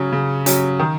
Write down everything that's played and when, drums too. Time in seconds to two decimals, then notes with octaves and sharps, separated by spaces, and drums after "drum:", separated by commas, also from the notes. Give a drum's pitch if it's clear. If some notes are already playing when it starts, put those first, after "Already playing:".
Already playing: C#3 F#3 C#4
0.13 C#3
0.46 F#3 C#4, drum: hi-hat
0.80 D#3